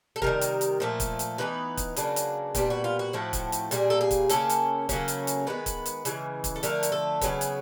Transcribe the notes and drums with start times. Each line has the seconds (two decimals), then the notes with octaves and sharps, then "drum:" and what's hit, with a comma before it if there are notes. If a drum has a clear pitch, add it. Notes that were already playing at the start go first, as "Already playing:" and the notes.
0.16 A4
0.22 C3 D#3 G3 A#4, drum: kick
0.41 drum: hi-hat
0.61 drum: hi-hat
0.80 A#2 F3 A3
1.00 drum: kick, hi-hat
1.19 drum: hi-hat
1.38 E3 G#3 B3 D#4 B4
1.77 drum: kick, hi-hat
1.96 C#3 F#3 A#3 D4, drum: hi-hat
2.16 drum: hi-hat
2.55 A#2 G3 B3 D4 F4, drum: kick, hi-hat
2.70 F#4
2.84 F4
2.99 F#4
3.13 A2 F3 A3 C4
3.33 drum: kick, hi-hat
3.52 drum: hi-hat
3.71 A#2 G3 A#3 G#4, drum: hi-hat
3.90 A4
4.01 G#4
4.11 drum: kick, hi-hat
4.29 C#3 F#3 A#3 C#4 A4, drum: hi-hat
4.49 drum: hi-hat
4.89 C#3 F#3 A#3 C#4, drum: kick, hi-hat
5.08 drum: hi-hat
5.27 drum: hi-hat
5.47 D#3 G#3 B3 B4
5.66 drum: kick, hi-hat
5.86 drum: hi-hat
6.05 C#3 E3 G#3, drum: hi-hat
6.44 drum: kick, hi-hat
6.56 A4
6.63 D3 F3 A3 A#4, drum: hi-hat
6.83 drum: hi-hat
6.92 A4
7.21 C#3 F#3 B3 G#4, drum: kick, hi-hat
7.41 drum: hi-hat